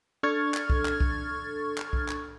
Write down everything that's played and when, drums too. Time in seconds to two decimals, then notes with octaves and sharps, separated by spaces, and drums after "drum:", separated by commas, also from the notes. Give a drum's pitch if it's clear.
0.23 D4 A4 C#6 F6 G#6 A6
0.54 drum: clap
0.70 drum: kick B1
0.85 drum: clap
1.00 drum: kick B1
1.78 drum: clap
1.93 drum: kick B1
2.08 drum: clap